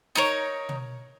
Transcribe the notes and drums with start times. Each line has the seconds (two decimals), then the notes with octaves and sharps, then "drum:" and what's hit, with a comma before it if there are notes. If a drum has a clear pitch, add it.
0.15 D#4 A#4 C#5, drum: snare
0.69 drum: tom